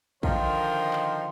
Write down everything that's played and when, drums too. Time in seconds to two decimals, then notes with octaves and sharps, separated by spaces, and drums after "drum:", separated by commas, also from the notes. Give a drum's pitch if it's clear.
0.23 D3 D#3 F3 D#4 A#4 C5, drum: kick
0.93 drum: clap